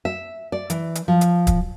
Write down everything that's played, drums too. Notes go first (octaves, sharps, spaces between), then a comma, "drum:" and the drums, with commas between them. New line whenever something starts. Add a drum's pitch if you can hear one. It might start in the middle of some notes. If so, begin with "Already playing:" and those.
E5
D5
E3, drum: hi-hat
drum: hi-hat
F3
drum: hi-hat
drum: kick, hi-hat